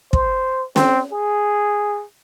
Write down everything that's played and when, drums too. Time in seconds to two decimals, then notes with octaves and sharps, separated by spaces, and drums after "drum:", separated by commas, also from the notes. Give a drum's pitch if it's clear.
0.13 C5, drum: kick
0.76 C4, drum: snare
1.13 G#4